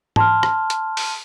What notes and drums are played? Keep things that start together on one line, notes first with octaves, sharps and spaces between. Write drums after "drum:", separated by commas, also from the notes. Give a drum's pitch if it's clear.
A5 C6 F6, drum: tom G#2
drum: rim click
drum: hi-hat
drum: open hi-hat